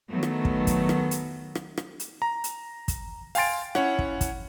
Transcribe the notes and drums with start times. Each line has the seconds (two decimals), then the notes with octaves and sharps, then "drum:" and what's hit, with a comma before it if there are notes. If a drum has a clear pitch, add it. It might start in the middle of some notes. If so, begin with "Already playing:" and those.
0.11 D#3 F#3 A3 B3
0.23 drum: rim click
0.45 drum: kick
0.67 drum: kick, hi-hat
0.89 drum: rim click
1.11 drum: hi-hat
1.55 drum: rim click
1.77 drum: rim click
2.00 drum: hi-hat
2.22 A#5
2.44 drum: hi-hat
2.88 drum: kick, hi-hat
3.35 F5 G5 G#5 C6 A6 D7, drum: open hi-hat
3.75 C#4 E4 C#5 F#5, drum: rim click
3.99 drum: kick
4.21 drum: kick, hi-hat